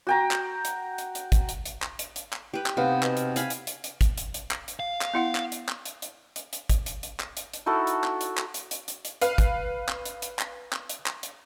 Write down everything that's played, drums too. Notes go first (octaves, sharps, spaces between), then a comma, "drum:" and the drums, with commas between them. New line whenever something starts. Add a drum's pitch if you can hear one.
F#4 G5 A#5
drum: clap
drum: hi-hat
drum: hi-hat
drum: hi-hat
drum: kick, hi-hat
drum: hi-hat
drum: hi-hat
drum: clap
drum: hi-hat
drum: hi-hat
drum: clap
G4 B4
drum: clap
C3 B3 D#4 B4 F5
B2, drum: clap
drum: hi-hat
F5 G#5 B5, drum: hi-hat
drum: hi-hat
drum: hi-hat
drum: hi-hat
drum: kick, hi-hat
drum: hi-hat
drum: hi-hat
drum: clap
drum: hi-hat
F5
drum: clap
B3 E4 F#5
drum: clap
drum: hi-hat
drum: clap
drum: hi-hat
drum: hi-hat
drum: hi-hat
drum: hi-hat
drum: kick, hi-hat
drum: hi-hat
drum: hi-hat
drum: clap
drum: hi-hat
drum: hi-hat
D#4 E4 F#4 A4
drum: hi-hat
drum: clap
drum: hi-hat
drum: clap
drum: hi-hat
drum: hi-hat
drum: hi-hat
drum: hi-hat
B4 F5, drum: hi-hat
drum: kick, hi-hat
drum: clap
drum: hi-hat
drum: hi-hat
drum: clap
drum: clap
drum: hi-hat
drum: clap
drum: hi-hat